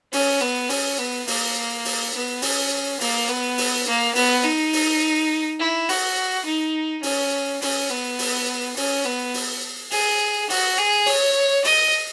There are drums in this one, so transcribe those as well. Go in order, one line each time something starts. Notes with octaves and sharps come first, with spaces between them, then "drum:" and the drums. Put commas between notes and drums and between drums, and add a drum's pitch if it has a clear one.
C#4, drum: open hi-hat
B3
C#4, drum: open hi-hat
B3
A#3, drum: open hi-hat
drum: open hi-hat
B3
C#4, drum: open hi-hat
A#3, drum: open hi-hat
B3
drum: open hi-hat
A#3
B3, drum: open hi-hat
D#4
drum: open hi-hat
E4
F#4, drum: open hi-hat
D#4
C#4, drum: open hi-hat
C#4, drum: open hi-hat
B3
drum: open hi-hat
C#4, drum: open hi-hat
B3
drum: open hi-hat
G#4, drum: open hi-hat
F#4, drum: open hi-hat
G#4
C#5, drum: open hi-hat
D#5, drum: open hi-hat